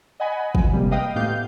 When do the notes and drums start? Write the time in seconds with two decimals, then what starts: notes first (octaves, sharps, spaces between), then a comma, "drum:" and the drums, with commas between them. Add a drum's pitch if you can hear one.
0.20 D#5 F#5 G#5 B5
0.55 F3, drum: kick
0.72 C3 G3 G#3 A#3
0.91 B4 D#5 F5 G5 D#6
1.16 A2 A3 B3 G4 F5 G6